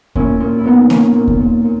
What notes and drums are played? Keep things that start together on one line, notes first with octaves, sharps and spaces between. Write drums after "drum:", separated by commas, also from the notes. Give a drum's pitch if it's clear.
A#2 C#4 E4, drum: kick D#2
A#2
E4
A#2 B3 D#4
A#2 A#3 C#4, drum: snare A#3
A#2
drum: kick D#2
A#2
A#2